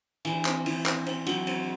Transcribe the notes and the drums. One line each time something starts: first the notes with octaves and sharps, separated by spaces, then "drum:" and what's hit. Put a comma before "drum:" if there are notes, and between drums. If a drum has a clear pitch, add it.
E3, drum: cymbal
C4, drum: clap
E3, drum: cymbal
C4, drum: clap
C4, drum: cymbal
F#3, drum: cymbal
C4, drum: cymbal